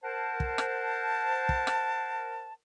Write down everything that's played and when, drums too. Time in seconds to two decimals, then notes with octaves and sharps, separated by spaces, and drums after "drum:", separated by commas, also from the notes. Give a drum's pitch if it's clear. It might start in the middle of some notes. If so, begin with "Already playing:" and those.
0.04 A#4 C5 F#5 A5
0.40 drum: kick
0.58 drum: rim click
1.49 drum: kick
1.67 drum: rim click